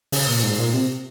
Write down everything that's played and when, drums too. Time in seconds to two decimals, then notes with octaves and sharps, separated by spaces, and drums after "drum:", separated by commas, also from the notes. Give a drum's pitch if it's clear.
0.12 C#3, drum: open hi-hat
0.27 A#2
0.38 A#2
0.43 G#2
0.58 A#2
0.74 C3